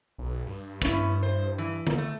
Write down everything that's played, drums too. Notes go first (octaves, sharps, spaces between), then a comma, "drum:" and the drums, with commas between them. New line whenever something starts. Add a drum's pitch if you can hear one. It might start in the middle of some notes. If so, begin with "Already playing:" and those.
B1
G2
B3 C#4 E4, drum: kick
C5
E3
drum: tom D3
A3